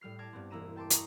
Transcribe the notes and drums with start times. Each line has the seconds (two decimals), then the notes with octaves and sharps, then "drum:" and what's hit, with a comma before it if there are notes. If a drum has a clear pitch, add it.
0.01 A2 G3 F6 C7
0.18 A5 D6 F6 G#6 A#6
0.33 G2 B3 C4
0.50 E1 A#3 E4 A#5 D#7 E7
0.76 G5 A5 C6 D6
0.91 E5 F5 A#5 C#6 D#6, drum: hi-hat